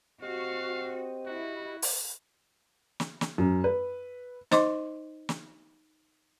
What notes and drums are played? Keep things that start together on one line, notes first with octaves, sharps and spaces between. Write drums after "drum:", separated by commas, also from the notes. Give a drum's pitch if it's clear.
C4 F#4 G4 D#5 F5
E4 F#4
drum: open hi-hat
drum: snare
drum: snare
F#2
B4
D#4 C5 D#5 C6 D6, drum: snare
drum: snare